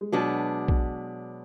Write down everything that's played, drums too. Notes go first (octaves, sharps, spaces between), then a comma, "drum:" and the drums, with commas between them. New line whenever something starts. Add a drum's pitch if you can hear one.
G#3
B2 F#3 G#3 B3 D4
drum: kick A#1